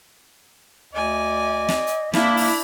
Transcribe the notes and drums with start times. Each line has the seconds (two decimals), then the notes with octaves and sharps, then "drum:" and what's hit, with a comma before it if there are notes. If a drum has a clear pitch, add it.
0.93 D2 D5 D#5 G#5
1.69 drum: snare
1.87 drum: hi-hat
2.13 A#3 D4 E4 E5, drum: snare
2.37 drum: open hi-hat